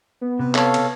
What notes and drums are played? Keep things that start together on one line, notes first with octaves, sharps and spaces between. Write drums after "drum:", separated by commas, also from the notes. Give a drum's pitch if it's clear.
B3
C3 B4
A4 C#5 F5, drum: clap
drum: cymbal